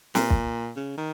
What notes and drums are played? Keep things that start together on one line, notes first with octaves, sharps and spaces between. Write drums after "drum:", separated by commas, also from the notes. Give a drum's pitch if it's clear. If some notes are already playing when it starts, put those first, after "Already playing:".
A#2, drum: snare
drum: kick
C#3
D#3